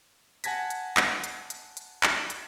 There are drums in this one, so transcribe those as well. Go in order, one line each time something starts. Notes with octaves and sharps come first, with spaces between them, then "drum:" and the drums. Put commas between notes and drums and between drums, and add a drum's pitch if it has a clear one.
F#5 G#5 A5 G#6 A#6 B6, drum: hi-hat
drum: hi-hat
drum: clap
drum: hi-hat
drum: hi-hat
drum: hi-hat
drum: clap
drum: hi-hat